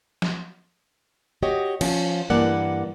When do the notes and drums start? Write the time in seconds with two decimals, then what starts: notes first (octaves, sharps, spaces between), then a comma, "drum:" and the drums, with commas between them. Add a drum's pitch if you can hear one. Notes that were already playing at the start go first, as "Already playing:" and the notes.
0.22 drum: snare
1.43 F#4 G4 C#5 D#5
1.81 F3 C#4, drum: cymbal
2.30 G2 E3 A#3 D5 F#5